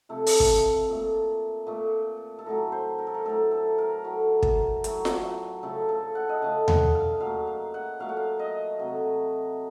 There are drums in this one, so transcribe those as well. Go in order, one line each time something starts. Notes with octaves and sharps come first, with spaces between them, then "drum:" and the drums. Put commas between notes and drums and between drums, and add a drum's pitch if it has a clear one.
C3 F3 A3 A4
drum: open hi-hat
drum: kick
A#2 A3
A#2 A3
A4
A2 F#3 A3 A#4
C5
A#4
A4
A#4
A2 F#3 A3 A4
A4
A#4
A2 F#3 A3
drum: kick
A2 F#3 A3, drum: hi-hat
drum: snare F4
C#3 F3 A3 A4
A4
F#5
D#5
C#3 F3 A3 F5
F#5, drum: tom D#2
F5
A#2 F#3 A3 F5
F5
F#5
A#2 F#3 A3 F5
F#5
F5
D#5
C3 F#3 A3